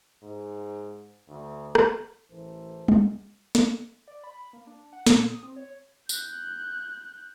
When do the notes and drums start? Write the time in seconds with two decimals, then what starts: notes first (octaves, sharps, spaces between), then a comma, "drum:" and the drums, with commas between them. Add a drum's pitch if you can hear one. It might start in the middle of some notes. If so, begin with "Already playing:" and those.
0.23 G#2
1.28 D2
1.75 drum: rim click
2.30 A1 E3 A4 A#4 C5
2.88 drum: tom
3.55 drum: snare
4.08 D5
4.24 B5
4.53 A#3
4.67 D4
4.93 F#5
5.07 A#2, drum: snare
5.30 D#6
5.43 C4
5.56 C#5
6.09 F#6 G6, drum: tambourine